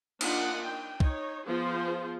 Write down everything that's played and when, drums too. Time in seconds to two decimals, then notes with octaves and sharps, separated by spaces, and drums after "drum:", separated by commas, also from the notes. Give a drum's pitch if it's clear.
0.21 A#3 D4 D#4 F4 D#5 F#5, drum: cymbal
0.65 G5
1.00 D#4 C#5, drum: kick
1.46 F3 B3 F4 G#4 C5